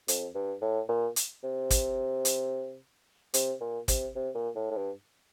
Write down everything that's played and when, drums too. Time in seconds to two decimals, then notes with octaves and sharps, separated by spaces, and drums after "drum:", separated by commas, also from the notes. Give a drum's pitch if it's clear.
0.08 F2, drum: hi-hat
0.35 G2
0.61 A2
0.89 A#2
1.16 drum: hi-hat
1.43 C3
1.70 drum: kick, hi-hat
2.25 drum: hi-hat
3.34 C3, drum: hi-hat
3.60 A#2
3.88 C3, drum: kick, hi-hat
4.15 C3
4.35 A#2
4.56 A2
4.71 A2
4.76 G2